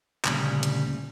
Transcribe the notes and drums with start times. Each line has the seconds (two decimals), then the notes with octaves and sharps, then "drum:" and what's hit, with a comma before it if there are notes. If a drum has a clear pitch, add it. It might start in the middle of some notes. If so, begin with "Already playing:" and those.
0.25 D2 A#2 C#3 G3, drum: clap
0.63 drum: hi-hat